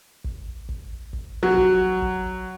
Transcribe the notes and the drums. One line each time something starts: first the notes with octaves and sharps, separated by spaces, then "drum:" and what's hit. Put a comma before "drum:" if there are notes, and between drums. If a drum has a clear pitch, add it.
drum: kick
drum: kick
drum: kick
F#3
drum: kick
drum: kick